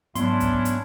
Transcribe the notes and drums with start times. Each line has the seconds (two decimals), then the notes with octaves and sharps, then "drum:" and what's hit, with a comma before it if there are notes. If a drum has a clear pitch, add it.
0.15 G#2 F#3 B3 C#4 D4 E4 C6, drum: hi-hat
0.40 drum: kick, hi-hat
0.65 drum: hi-hat